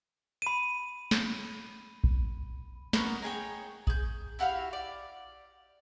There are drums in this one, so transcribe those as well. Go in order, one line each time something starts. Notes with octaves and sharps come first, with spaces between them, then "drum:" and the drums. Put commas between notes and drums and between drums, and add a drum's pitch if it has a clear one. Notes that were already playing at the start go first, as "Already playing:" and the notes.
B5 D#7
drum: snare
drum: kick
B3 C#4 A#4 C#5, drum: snare
D#4 G#4 C#5 G5
G#4 G6, drum: kick
E4 F#4 G4 F5
D5